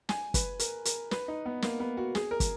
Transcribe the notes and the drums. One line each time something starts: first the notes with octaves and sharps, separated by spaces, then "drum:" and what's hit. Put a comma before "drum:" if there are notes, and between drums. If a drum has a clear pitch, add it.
G#5, drum: snare
B4, drum: kick, hi-hat
A#4, drum: hi-hat
A#4, drum: hi-hat
B4, drum: snare
D#4
B3
A#3, drum: snare
B3
F#4
G#4, drum: snare
A#4
drum: kick, hi-hat